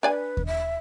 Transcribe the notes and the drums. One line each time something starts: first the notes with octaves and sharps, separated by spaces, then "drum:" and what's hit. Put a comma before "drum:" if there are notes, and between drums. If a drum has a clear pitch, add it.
D4 B4 D5 G#5
drum: kick D#2
E5